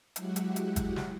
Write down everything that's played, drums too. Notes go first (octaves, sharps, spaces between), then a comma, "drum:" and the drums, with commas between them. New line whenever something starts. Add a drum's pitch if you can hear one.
F#3 G#3 E4 F#4 G4 F#5, drum: hi-hat
drum: hi-hat
drum: hi-hat
drum: kick G1, hi-hat
drum: snare